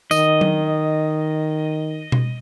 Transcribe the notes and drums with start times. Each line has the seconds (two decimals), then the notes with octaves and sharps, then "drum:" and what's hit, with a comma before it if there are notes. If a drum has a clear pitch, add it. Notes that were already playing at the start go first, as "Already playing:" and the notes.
0.11 D#3 D#5, drum: tambourine
0.41 drum: tom F#3
2.12 drum: tom B2